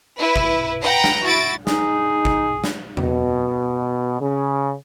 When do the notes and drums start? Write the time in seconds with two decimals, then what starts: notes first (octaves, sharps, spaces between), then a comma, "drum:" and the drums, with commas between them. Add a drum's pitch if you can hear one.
0.18 E4 B4
0.36 drum: kick
0.81 B4 F#5 G5 A#5
1.04 drum: snare
1.24 E4 F#4 A6 D7
1.67 D#4 G#4, drum: snare
2.25 drum: kick
2.64 drum: snare
2.97 B2, drum: tom
4.21 C#3